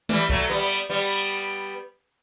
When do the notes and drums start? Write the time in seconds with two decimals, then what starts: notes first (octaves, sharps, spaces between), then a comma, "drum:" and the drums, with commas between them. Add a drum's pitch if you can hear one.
0.09 E3 G3, drum: snare
0.29 F#3 A3, drum: kick B1
0.50 G3 B3
0.90 G3 B3